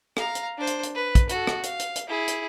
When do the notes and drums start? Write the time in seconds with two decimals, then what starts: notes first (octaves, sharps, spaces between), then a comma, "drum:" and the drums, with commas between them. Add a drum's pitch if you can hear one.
0.17 F5 A#5, drum: rim click
0.35 drum: hi-hat
0.58 D4 C5
0.67 drum: hi-hat
0.83 drum: hi-hat
0.95 B4
1.15 drum: kick, hi-hat
1.29 F#4 A4, drum: hi-hat
1.47 drum: rim click
1.63 F5, drum: hi-hat
1.79 drum: hi-hat
1.96 drum: hi-hat
2.07 E4 G#4
2.28 drum: hi-hat